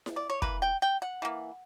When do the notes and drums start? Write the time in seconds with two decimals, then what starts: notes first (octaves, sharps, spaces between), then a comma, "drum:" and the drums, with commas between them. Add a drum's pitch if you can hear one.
0.06 drum: snare E4
0.16 D5
0.30 C#5
0.42 E3 A#3 B4, drum: kick
0.62 G5
0.82 G5
1.02 F#5
1.22 E3 A#3